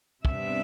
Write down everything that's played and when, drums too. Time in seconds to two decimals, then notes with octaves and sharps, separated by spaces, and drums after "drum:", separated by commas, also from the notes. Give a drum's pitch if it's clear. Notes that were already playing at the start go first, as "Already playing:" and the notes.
0.25 C3 G3 B3 D4 E5, drum: kick